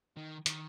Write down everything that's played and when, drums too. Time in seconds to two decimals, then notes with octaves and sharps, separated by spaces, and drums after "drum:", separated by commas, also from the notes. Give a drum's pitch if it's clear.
0.17 D#3
0.46 D#3, drum: hi-hat